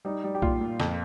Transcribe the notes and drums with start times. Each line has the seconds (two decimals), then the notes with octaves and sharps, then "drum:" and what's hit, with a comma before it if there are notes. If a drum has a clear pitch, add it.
0.05 G3 D#4
0.24 G3
0.35 G4
0.42 A#2 F4, drum: kick B1
0.61 A#2
0.80 F2, drum: snare